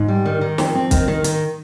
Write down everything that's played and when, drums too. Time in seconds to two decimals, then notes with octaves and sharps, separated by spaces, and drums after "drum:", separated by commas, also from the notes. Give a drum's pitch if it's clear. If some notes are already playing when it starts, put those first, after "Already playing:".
Already playing: G#2
0.08 G3
0.26 D#3
0.41 D#3
0.58 F2, drum: snare
0.75 C4
0.91 D#3, drum: kick, hi-hat
1.08 D#3
1.24 D#3, drum: hi-hat